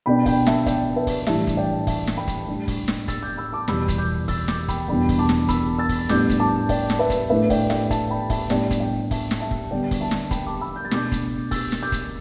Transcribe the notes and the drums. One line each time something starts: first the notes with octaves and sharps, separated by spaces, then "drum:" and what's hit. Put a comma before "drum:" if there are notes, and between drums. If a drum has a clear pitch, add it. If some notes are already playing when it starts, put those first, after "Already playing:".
B2 B3 D4 G5 B5
G5 B5, drum: kick F1, open hi-hat
E5 A5, drum: snare
D5 G5, drum: kick F1, hi-hat
B4 E5
drum: kick F1, open hi-hat
A2 E3 G3 D4 E5 A5, drum: snare
drum: kick F1, hi-hat
D5 G5
E5 A5, drum: kick F1, open hi-hat
drum: snare
G5 B5
drum: kick F1, hi-hat
A2 G3 D4
drum: kick F1, open hi-hat
drum: snare
E6 A6, drum: kick F1, hi-hat
D6 G6
B5 E6
A5 D6
E2 B2 G3 B5 E6, drum: snare
drum: kick F1, hi-hat
D6 G6
E6 A6, drum: kick F1, open hi-hat
D6 G6, drum: snare
G5 B5, drum: kick F1, hi-hat
E2 B2 G3 D4 G5 B5
drum: kick F1, open hi-hat
A5 D6
drum: snare
B5 E6, drum: kick F1, hi-hat
E6 A6
drum: kick F1, open hi-hat
A2 G3 B3 D4 D6 G6, drum: snare
drum: kick F1, hi-hat
A5 D6
D5 G5, drum: kick F1, open hi-hat
drum: snare
B4 E5
drum: kick F1, hi-hat
A2 A3 D4 B4 E5
D5 G5, drum: kick F1, open hi-hat
D5 G5, drum: snare
E5 A5, drum: kick F1, hi-hat
G5 B5
E5 A5, drum: kick F1, open hi-hat
A2 G3 B3 D4 D5 G5, drum: snare
drum: kick F1, hi-hat
D5 G5
E5 A5, drum: kick F1, open hi-hat
drum: snare
E5 A5
drum: kick F1
D3 G3 B3 D5 G5
drum: kick F1, open hi-hat
E5 A5
drum: snare
G5 B5, drum: kick F1, hi-hat
A5 D6
B5 E6
G6
A6
B2 A3 D4 D6 G6, drum: snare
drum: kick F1, hi-hat
E6 A6, drum: kick F1, open hi-hat
drum: snare
D6 G6
drum: kick F1, hi-hat